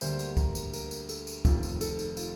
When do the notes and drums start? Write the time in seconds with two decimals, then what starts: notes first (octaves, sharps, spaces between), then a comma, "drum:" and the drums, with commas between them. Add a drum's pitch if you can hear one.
0.01 D2 D3 G3 A#3 C5, drum: tambourine
0.19 drum: tambourine
0.37 A#4, drum: kick, tambourine
0.55 drum: tambourine
0.73 A#4, drum: tambourine
0.91 drum: tambourine
1.09 A4, drum: tambourine
1.27 drum: tambourine
1.45 F1 F2 D#3 F4, drum: kick, tambourine
1.63 drum: tambourine
1.81 A4, drum: tambourine
1.99 drum: tambourine
2.17 F4, drum: tambourine